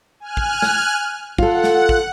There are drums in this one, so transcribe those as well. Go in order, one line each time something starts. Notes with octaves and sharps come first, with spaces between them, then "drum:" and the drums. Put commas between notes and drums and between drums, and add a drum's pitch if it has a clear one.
G#5 F6 F#6
drum: kick
drum: snare
F4 A4 F#5, drum: kick
drum: snare
drum: kick